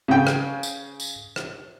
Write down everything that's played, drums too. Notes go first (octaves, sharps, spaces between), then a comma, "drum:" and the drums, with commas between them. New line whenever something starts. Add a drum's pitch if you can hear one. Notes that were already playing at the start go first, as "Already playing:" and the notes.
C#3 G5
drum: rim click
drum: tambourine
drum: tambourine
drum: rim click